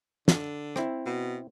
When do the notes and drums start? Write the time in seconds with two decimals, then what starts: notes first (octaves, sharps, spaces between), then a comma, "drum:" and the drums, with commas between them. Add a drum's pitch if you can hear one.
0.28 D3, drum: snare
0.76 C4 E4, drum: rim click
1.06 B2